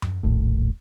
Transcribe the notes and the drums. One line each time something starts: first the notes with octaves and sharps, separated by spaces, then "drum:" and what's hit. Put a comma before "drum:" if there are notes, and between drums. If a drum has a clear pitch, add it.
drum: tom F#2
D#1 A#1 A2